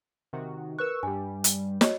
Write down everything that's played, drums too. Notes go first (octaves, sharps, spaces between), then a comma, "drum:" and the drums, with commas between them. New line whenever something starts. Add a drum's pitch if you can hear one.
C3 D#3 F#4
A#4 B4 C#6 E6 F#6
G2 G3 G#5
drum: hi-hat
F#4 C#5 D#5, drum: snare